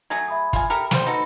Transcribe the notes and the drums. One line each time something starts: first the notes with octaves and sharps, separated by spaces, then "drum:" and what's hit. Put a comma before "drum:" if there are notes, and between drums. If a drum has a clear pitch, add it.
F#3 A3 G#4 G#6
E5 B5 D#6
F4 G#5, drum: kick, hi-hat
G4 A4 A#4
G3 C5, drum: snare
D#4 F#4 A4 B4 B5